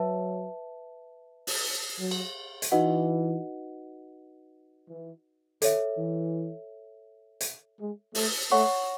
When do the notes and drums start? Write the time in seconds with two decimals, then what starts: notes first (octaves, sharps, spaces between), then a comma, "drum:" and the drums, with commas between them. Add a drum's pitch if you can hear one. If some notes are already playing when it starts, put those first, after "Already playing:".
Already playing: F#3 B4 E5 A5
1.47 drum: open hi-hat
1.99 F#3
2.11 drum: cymbal
2.62 drum: hi-hat
2.72 E3 D#4 F#4 B4 D#5 F#5
4.89 E3
5.62 D#3 A4 C#5 E5, drum: hi-hat
5.98 E3
7.41 drum: hi-hat
7.79 G#3
8.15 A3, drum: open hi-hat
8.51 A3 C#5 F#5 C#6